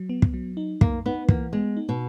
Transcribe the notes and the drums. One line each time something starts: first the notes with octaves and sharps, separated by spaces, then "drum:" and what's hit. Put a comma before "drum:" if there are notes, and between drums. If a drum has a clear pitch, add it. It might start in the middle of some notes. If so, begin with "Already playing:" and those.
Already playing: F#3
B3
drum: kick
F#3
D#4
F#2 A#3, drum: kick
B3 D#4
E3 A#3, drum: kick
G#3 B3
D#4
B2